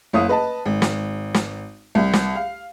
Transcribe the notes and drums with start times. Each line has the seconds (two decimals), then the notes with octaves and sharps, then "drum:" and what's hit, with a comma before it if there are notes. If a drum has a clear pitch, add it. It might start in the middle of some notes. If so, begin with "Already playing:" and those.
0.13 F#1 E4 C#5 F5 D#6
0.29 B4 D#5 A5
0.66 G#1
0.82 drum: snare
1.34 drum: snare
1.95 C2
2.13 drum: snare
2.35 F5